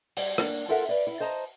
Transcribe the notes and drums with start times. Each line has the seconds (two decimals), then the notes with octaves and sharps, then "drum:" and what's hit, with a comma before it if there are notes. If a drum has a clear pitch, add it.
0.17 G3, drum: open hi-hat
0.38 A#3 D4, drum: rim click
0.68 C4 F4 A4 A#4 E5 F#5
0.89 B4 D5
1.07 E4
1.20 C5 D#5 A5 A#5